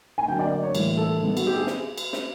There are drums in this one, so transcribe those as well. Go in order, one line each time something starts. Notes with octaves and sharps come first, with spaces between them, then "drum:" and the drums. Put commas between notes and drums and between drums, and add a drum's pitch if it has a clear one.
G#5
D3 F#3 A#3 G5
D5
D5
C#5
A2 E3 G3 A#3, drum: cymbal
A4
D#3 G3 B3
F#4, drum: cymbal
G4
G#4
drum: snare
drum: cymbal
drum: snare